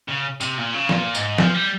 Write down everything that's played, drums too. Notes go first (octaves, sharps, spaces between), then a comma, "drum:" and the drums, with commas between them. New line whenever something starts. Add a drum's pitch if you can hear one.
C#3
C3, drum: tambourine
A#2
C#3
A#2, drum: snare
G#2, drum: tambourine
F3, drum: snare
G3